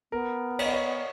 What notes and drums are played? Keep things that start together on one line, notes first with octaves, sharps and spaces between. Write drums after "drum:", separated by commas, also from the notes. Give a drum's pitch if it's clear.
B3 A#4
C#5, drum: cymbal
D#5
C#5